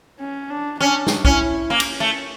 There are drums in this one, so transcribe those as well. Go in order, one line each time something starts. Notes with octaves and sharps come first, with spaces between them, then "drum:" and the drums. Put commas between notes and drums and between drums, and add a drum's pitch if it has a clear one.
C#4
D4
C#4 D4
drum: snare
C#4 E4, drum: kick
A#3 C#4
drum: cymbal
A3